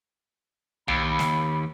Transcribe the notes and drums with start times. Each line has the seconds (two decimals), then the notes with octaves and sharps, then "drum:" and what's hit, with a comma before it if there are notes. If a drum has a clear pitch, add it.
0.88 D#2 B5, drum: tom B1
1.09 B5
1.19 drum: snare